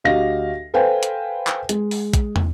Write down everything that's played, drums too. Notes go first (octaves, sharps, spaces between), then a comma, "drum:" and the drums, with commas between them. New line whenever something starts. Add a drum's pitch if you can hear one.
D2 F#4 G4 D#5 F5 A#6
A4 B4 C5 F5 G5 G#5
drum: hi-hat
drum: clap
G#3, drum: hi-hat
drum: open hi-hat
drum: kick, hi-hat
drum: tom